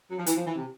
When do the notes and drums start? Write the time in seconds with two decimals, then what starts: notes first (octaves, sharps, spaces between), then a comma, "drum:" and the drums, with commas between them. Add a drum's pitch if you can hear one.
0.10 F#3
0.18 F3
0.26 E3, drum: hi-hat
0.36 F3
0.46 E3
0.55 C3